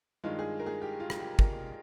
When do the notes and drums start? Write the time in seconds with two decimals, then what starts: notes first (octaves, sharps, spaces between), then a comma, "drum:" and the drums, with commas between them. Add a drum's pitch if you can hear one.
0.24 G2 D#3 G#3 F4
0.39 G#4
0.60 A#4
0.66 G#4
0.82 G4
1.00 F4
1.10 drum: rim click
1.20 G4
1.39 A#4, drum: kick